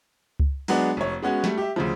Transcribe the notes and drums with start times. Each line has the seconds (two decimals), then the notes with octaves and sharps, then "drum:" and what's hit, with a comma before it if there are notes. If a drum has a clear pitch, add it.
0.40 drum: kick C#2
0.68 F#3 G#3 B3 D4 G#4, drum: open hi-hat
0.97 F1 C#5
1.22 G#3 B3 C#4 F#4
1.44 G3 A3, drum: snare
1.58 G4 E5
1.76 D2 C#3 F3